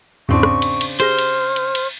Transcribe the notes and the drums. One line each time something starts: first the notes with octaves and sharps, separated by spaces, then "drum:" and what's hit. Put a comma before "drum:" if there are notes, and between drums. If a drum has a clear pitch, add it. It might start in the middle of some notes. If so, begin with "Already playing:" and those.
E2 G#2 C#3 C4 D4 C#6
drum: rim click
drum: cymbal
drum: cymbal
G4 G#4 C5 F6 A#6, drum: cymbal
drum: cymbal
drum: cymbal
drum: cymbal